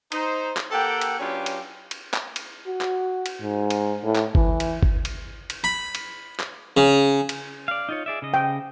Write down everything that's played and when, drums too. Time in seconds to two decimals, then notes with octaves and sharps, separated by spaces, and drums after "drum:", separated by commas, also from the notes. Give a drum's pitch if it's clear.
0.12 D#4 C5, drum: cymbal
0.57 drum: clap
0.72 A#3 G4 A4 F#5 G5
1.01 drum: cymbal
1.19 F#3 C#4 D4 F4 G4 B4
1.46 drum: cymbal
1.91 drum: cymbal
2.14 drum: clap
2.36 drum: cymbal
2.66 F#4
2.81 drum: clap
3.26 drum: cymbal
3.41 G#2
3.70 drum: cymbal
4.04 A2
4.15 drum: clap
4.35 E3, drum: kick G1
4.60 drum: cymbal
4.83 drum: kick G1
5.05 drum: cymbal
5.50 drum: cymbal
5.64 B5
5.95 drum: cymbal
6.39 drum: clap
6.77 C#3
7.29 drum: cymbal
7.68 D5 F5
7.89 D#4 F4 C#5
8.06 G#4 D5 E5
8.22 C#3 D#5
8.34 G5